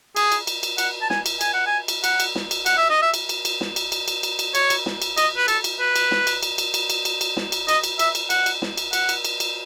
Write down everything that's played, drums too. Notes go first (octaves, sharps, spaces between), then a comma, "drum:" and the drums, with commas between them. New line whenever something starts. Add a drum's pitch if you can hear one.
G#4, drum: cymbal
drum: cymbal
drum: cymbal
drum: cymbal
F#5, drum: cymbal
A5
G#5, drum: snare
drum: cymbal
G#5, drum: cymbal
F#5
G#5
drum: cymbal
F#5, drum: cymbal
drum: cymbal
drum: snare
drum: cymbal
F#5, drum: cymbal
E5
D#5
E5
drum: cymbal
drum: cymbal
drum: cymbal
drum: snare
drum: cymbal
drum: cymbal
drum: cymbal
drum: cymbal
drum: cymbal
C#5, drum: cymbal
drum: cymbal
drum: snare
drum: cymbal
D#5, drum: cymbal
B4
A4, drum: cymbal
drum: cymbal
B4
drum: cymbal
drum: snare
drum: cymbal
drum: cymbal
drum: cymbal
drum: cymbal
drum: cymbal
drum: cymbal
drum: cymbal
drum: snare
drum: cymbal
D#5, drum: cymbal
drum: cymbal
E5, drum: cymbal
drum: cymbal
F#5, drum: cymbal
drum: cymbal
drum: snare
drum: cymbal
F#5, drum: cymbal
drum: cymbal
drum: cymbal
drum: cymbal